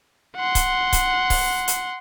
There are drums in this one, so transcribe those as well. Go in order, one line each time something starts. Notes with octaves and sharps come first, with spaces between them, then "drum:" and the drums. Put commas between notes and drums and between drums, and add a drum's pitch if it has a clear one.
F#5 C6
drum: kick C#1, hi-hat
drum: kick C#1, hi-hat
drum: kick C#1, open hi-hat
drum: hi-hat